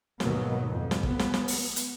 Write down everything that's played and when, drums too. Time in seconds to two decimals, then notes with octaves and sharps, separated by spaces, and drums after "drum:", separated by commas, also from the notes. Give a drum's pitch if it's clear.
0.20 D#2 G#2 B2 D#3 F#3 B3, drum: snare
0.70 F2
0.91 drum: snare
1.03 B3, drum: kick
1.19 drum: snare
1.34 drum: snare
1.48 drum: open hi-hat
1.76 drum: hi-hat